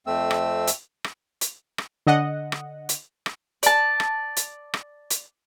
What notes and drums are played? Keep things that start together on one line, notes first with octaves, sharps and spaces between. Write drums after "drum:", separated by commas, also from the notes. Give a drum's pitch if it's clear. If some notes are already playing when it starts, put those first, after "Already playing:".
F2 A3 C4 E6
drum: rim click
drum: hi-hat
drum: rim click
drum: hi-hat
drum: rim click
D3 D#5 F#5
drum: rim click
drum: hi-hat
drum: rim click
D5 A5, drum: hi-hat
drum: rim click
drum: hi-hat
drum: rim click
drum: hi-hat